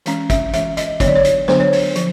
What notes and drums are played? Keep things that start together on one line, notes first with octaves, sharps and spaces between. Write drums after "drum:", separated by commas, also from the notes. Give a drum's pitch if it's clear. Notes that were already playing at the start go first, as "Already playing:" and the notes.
E3 G#3 C#4, drum: hi-hat
E5, drum: kick, hi-hat
E3 G#3 C#4 E5, drum: hi-hat
D#5, drum: hi-hat
D3 F#3 B3 D4 C#5, drum: kick, hi-hat
D5
C#5
drum: hi-hat
D3 F#3 B3 D4 C5, drum: snare
C#5
C5, drum: open hi-hat
F3, drum: hi-hat